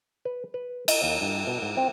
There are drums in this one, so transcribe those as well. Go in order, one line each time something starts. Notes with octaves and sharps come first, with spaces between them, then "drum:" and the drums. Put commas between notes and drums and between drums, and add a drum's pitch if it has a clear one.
B4
B4
D#5, drum: cymbal
D#2
G2
B2
G#2
C4